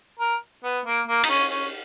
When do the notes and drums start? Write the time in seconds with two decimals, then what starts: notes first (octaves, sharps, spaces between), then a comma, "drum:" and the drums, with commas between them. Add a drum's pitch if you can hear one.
0.19 A#4
0.64 B3
0.86 A#3
1.08 A#3
1.24 D#4, drum: cymbal
1.29 C#4
1.51 C#4